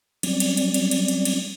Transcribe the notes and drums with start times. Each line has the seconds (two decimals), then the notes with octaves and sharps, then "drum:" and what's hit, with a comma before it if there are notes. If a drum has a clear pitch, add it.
0.23 F#3 G3 C4 C#4 D5, drum: cymbal
0.40 drum: cymbal
0.57 drum: cymbal
0.74 drum: cymbal
0.91 drum: cymbal
1.08 drum: cymbal
1.25 drum: cymbal